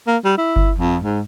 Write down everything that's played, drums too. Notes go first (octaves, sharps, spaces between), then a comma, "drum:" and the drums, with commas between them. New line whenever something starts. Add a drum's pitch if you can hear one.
A#3
G3
E4
drum: kick G1
F2
G#2